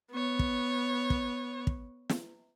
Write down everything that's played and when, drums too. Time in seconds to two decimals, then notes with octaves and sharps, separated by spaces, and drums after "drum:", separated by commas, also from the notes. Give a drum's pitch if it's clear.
0.11 B3 C#5
0.39 drum: kick
1.10 drum: kick
1.67 drum: kick
2.10 drum: snare